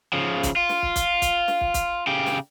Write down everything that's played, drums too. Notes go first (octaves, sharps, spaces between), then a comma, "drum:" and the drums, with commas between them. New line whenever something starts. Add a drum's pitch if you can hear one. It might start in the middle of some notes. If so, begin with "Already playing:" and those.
C#3 F3
drum: kick, hi-hat
F4
drum: snare
drum: kick
drum: kick, hi-hat
drum: kick, hi-hat
drum: snare
drum: kick
drum: kick, hi-hat
C#3 G4
drum: snare